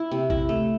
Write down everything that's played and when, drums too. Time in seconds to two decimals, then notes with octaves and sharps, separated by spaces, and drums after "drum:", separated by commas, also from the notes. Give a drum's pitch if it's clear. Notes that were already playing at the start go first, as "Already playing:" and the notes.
Already playing: E4
0.11 C3
0.30 E4, drum: kick A1
0.49 A3